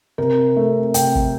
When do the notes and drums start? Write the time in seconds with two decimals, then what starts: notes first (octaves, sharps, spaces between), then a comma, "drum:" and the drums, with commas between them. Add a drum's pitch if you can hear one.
0.18 C3 A#4
0.56 A3
0.94 C3 G5, drum: hi-hat
1.15 drum: kick